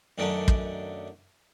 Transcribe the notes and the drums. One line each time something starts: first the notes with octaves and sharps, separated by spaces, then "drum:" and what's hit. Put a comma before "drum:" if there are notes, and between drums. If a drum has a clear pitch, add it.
F#2 D#3 F#3 A3 C#4 D4
drum: kick